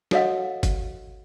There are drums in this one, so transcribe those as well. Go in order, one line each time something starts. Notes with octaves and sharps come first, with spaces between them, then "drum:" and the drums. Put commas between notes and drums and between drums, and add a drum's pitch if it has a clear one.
F#4 A4 C#5 D#5 F5 F#5, drum: snare
drum: kick, hi-hat